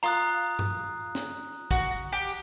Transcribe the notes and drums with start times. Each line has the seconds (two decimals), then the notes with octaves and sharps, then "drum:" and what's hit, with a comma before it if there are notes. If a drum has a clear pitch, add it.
0.03 F4 A#5 D#6 F#6, drum: tambourine
0.59 drum: tom G2
1.15 drum: snare
1.71 F#4, drum: kick, tambourine
2.12 G4
2.27 drum: tambourine